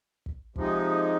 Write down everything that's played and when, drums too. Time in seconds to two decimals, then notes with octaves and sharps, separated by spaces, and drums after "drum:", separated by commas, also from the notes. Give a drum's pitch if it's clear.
0.26 drum: kick
0.56 C3 F3 G#3 D#4, drum: kick